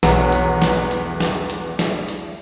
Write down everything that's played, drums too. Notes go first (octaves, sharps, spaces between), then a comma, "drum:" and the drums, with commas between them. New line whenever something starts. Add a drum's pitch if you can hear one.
B1 E2 F#3 B4 F#5 A#5, drum: snare
drum: hi-hat
drum: snare
drum: hi-hat
drum: snare
drum: hi-hat
drum: snare
drum: hi-hat